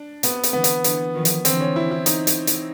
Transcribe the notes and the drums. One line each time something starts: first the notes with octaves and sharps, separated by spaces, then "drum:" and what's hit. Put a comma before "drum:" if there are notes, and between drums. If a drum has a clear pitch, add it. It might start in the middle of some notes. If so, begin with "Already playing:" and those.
Already playing: D4
C3 B3, drum: hi-hat
drum: hi-hat
D3 E3 B3
drum: hi-hat
D3 E3, drum: hi-hat
D#3 F3
drum: hi-hat
D3 E3 C4, drum: hi-hat
C#4
E4
E4
D#4, drum: hi-hat
drum: hi-hat
drum: hi-hat